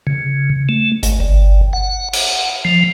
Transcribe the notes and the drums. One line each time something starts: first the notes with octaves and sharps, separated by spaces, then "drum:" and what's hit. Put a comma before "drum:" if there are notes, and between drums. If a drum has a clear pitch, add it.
C#3
A3
G#1, drum: hi-hat
G1
F#5
F#5, drum: cymbal
F3